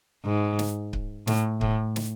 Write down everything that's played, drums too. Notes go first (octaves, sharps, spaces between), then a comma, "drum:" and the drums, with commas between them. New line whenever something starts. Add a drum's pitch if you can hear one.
G#2
drum: snare
drum: kick C#1
A2, drum: snare
A2, drum: kick C#1
drum: snare